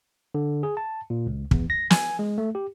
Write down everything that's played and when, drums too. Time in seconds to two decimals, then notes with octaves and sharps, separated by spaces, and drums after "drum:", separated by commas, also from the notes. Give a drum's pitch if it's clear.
0.35 D3
0.63 G#4
0.77 A5
1.10 A#2
1.26 C#2
1.51 E2, drum: kick
1.70 A#6
1.90 G#5, drum: snare
2.19 G#3
2.38 A3
2.55 G4